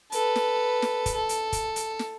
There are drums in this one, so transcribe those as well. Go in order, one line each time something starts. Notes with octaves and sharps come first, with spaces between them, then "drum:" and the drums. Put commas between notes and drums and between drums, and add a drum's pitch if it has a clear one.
A4 B4, drum: hi-hat
drum: snare
drum: snare
drum: kick, hi-hat
A4
drum: hi-hat
drum: kick, hi-hat
drum: hi-hat
drum: snare